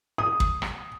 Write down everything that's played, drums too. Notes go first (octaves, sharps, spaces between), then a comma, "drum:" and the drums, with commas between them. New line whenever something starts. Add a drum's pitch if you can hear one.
D#6
drum: kick
drum: rim click